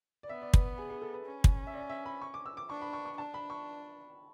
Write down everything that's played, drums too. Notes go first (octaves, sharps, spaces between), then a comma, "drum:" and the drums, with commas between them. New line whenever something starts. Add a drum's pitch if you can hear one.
D5
B3 E5
D5
B4, drum: kick
G#4
G#4
A4
B4
C#4
drum: kick
E5
D5
E5
B5
C#6
D6
E6
D6
D4 C#6
B5
C#6
C#6
D4 A5
B5
C#6